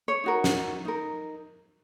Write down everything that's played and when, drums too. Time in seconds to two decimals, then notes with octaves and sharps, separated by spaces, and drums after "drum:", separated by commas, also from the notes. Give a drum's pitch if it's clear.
0.08 C#5
0.24 D#4 F#4 A#4
0.44 drum: snare
0.85 D#4 A#4